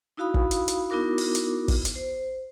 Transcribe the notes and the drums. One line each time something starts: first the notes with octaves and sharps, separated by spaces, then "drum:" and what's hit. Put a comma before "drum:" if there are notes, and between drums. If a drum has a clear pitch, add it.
D#4 E4 F#4 F5 B5 D#6
drum: kick
drum: hi-hat
drum: hi-hat
B3 D#4 E4 F#4 A#4 D6
drum: open hi-hat
drum: hi-hat
drum: kick, open hi-hat
drum: hi-hat
C5